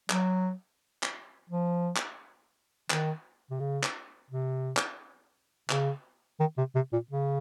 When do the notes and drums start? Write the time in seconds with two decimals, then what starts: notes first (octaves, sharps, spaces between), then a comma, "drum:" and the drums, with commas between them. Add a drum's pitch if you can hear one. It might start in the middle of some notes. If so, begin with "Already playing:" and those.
0.10 F#3, drum: clap
1.03 drum: clap
1.50 F3
1.96 drum: clap
2.90 D#3, drum: clap
3.51 C3
3.60 C#3
3.83 drum: clap
4.30 C3
4.77 drum: clap
5.70 C#3, drum: clap
6.40 D#3
6.58 C3
6.75 C3
6.93 A#2
7.11 C#3